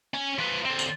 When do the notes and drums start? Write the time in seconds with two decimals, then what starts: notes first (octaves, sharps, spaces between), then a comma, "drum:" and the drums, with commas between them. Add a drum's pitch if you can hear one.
0.14 C#4 G#5
0.38 F3 B4
0.65 D3 C4
0.79 drum: tambourine